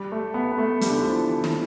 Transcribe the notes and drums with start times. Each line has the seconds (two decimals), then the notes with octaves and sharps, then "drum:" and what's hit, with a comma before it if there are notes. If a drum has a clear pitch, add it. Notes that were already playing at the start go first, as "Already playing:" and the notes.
Already playing: G3
0.12 A3
0.34 B3
0.52 B3
0.58 A3
0.81 G3, drum: hi-hat
0.90 D3
0.97 E3
1.05 F3
1.28 E3
1.44 drum: snare